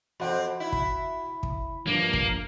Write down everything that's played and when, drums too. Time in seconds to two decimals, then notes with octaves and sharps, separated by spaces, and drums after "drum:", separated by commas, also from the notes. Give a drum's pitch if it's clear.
0.20 F2 C4 F#4 F#5
0.60 E4
0.72 drum: kick
1.43 drum: kick
1.87 G2 F3 A#3
2.13 drum: kick